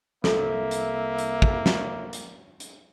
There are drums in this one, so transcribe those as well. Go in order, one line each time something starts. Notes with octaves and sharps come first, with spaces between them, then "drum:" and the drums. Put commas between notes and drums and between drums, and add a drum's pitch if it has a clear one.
C2 A#3 A4 E5, drum: snare
drum: hi-hat
drum: hi-hat
drum: kick
drum: snare
drum: hi-hat
drum: hi-hat